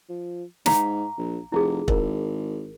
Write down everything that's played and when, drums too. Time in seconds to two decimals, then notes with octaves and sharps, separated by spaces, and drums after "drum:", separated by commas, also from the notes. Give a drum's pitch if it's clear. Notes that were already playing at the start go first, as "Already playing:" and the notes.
0.10 F3
0.66 G#2 F5 A#5 D6, drum: snare
1.18 A#1
1.52 F1 E4 G#4
1.88 G#1 A#4, drum: kick